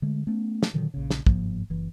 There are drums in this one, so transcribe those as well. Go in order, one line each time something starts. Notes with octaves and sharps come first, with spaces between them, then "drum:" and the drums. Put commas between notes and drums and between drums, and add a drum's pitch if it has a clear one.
D3 G#3 A3
A3 B3 C#4
drum: snare
A#2 D3 D#3 F#3
A#1 C#3
drum: snare
G1 G#2 F3 A#3, drum: kick
F#1 E3